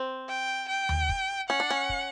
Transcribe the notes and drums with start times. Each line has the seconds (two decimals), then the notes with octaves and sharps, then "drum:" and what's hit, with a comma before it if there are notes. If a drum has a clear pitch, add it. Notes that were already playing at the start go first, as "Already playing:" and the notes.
Already playing: C4
0.29 G5
0.69 G5
0.89 drum: tom D#2
1.09 drum: kick
1.49 C#4 F#5
1.60 D4
1.70 C#4
1.89 drum: kick